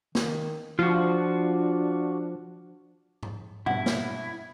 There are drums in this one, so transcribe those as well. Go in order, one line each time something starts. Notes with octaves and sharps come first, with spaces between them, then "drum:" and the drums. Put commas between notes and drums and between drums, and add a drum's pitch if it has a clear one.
D#3, drum: snare
F3 D4 F4 F#4
drum: tom G#2
G2 B2 E4 F#5, drum: tom G#2
drum: snare